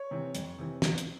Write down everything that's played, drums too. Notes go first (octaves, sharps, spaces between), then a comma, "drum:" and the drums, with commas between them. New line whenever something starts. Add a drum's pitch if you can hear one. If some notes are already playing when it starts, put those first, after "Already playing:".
Already playing: C#5
C3 E3
F2, drum: hi-hat
C3 E3
drum: snare
drum: hi-hat